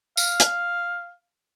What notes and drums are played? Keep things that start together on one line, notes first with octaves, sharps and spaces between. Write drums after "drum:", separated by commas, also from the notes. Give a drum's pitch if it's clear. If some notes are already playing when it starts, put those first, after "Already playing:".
F5, drum: tambourine
drum: hi-hat